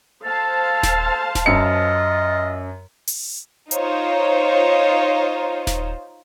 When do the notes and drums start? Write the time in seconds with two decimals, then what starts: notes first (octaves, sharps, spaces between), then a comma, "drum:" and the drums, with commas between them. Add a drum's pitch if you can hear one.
0.24 A4 C5 F5 A5
0.83 drum: snare D#1
1.35 drum: snare D#1
1.46 F#2 F4 D#5 C#7
3.07 drum: open hi-hat
3.71 D#4 F4 C5 C#5, drum: hi-hat
5.67 drum: snare D#1